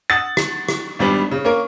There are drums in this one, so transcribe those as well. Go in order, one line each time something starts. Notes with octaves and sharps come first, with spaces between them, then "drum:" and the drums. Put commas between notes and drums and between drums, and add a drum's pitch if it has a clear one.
F#5 D#6 E6 A6
drum: rim click
drum: rim click
G#1 G3 B3 D4
C#3
A#3 C#4 A#4